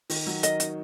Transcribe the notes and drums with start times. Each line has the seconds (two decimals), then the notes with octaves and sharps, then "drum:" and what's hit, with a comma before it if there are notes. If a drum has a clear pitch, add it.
0.10 D#3, drum: open hi-hat
0.27 F#3
0.43 A#4 D#5, drum: hi-hat
0.60 D#4, drum: hi-hat